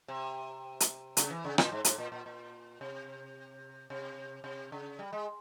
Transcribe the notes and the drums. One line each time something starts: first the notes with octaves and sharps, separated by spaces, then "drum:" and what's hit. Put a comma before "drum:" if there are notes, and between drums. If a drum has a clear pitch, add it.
C3
drum: hi-hat
C#3, drum: hi-hat
E3
C#3
A#2, drum: rim click
G#2
G#2, drum: hi-hat
A#2
A#2
A#2
C3
C3
C3
C#3
G3
G#3